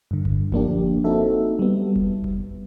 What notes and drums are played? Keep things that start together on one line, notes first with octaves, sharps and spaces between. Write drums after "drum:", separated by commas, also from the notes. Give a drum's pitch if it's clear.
G2 D3
drum: kick F1
F3 A#3 D4 G4, drum: kick F1
A#3 C4 D#4 F#4 A4 E5
G3 B3
drum: kick F1
drum: kick F1